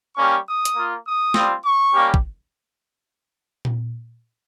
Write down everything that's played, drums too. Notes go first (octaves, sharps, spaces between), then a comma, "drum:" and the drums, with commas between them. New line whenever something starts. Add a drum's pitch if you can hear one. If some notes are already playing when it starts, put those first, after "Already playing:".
G3 A#3 C#4 G4 C#6
D#6
drum: hi-hat
A#3 F4
D#6
G3 C4 F4, drum: snare
C#6
G3 A#3 C#4 G4
drum: kick
drum: tom A#2